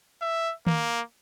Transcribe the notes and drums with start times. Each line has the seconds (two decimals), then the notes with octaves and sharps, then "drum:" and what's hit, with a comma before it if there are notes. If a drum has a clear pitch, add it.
0.21 E5
0.67 A#3, drum: tom D#3